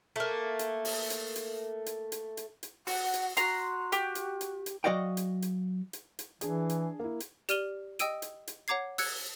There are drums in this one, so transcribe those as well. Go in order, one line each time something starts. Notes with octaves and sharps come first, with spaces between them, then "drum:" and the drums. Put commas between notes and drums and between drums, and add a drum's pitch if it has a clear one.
A3 A#3
drum: hi-hat
drum: open hi-hat
drum: hi-hat
drum: hi-hat
drum: hi-hat
drum: hi-hat
drum: hi-hat
drum: hi-hat
F#4 F#5, drum: open hi-hat
drum: hi-hat
F#4 A#5 C6, drum: hi-hat
G4, drum: hi-hat
drum: hi-hat
drum: hi-hat
drum: hi-hat
F#3 F#4 D5 D#5 F5 G5
drum: hi-hat
drum: hi-hat
drum: hi-hat
drum: hi-hat
E3 D4 G#4, drum: hi-hat
drum: hi-hat
A#3 E4
drum: hi-hat
G4 D5 F6 D#7 F7 G7, drum: hi-hat
D#5 G5 D#6 E6 D7 D#7, drum: hi-hat
drum: hi-hat
drum: hi-hat
C#5 F#5 A#5 D6 G#6 C7
E6 F#6 G#6 C#7, drum: open hi-hat